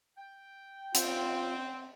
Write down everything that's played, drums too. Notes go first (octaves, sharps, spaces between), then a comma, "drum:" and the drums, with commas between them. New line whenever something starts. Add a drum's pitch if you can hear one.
G5
C4 F4, drum: hi-hat